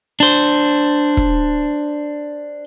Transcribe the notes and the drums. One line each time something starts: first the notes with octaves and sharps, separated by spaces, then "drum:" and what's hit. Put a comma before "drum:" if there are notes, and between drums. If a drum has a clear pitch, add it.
D4 C5
drum: kick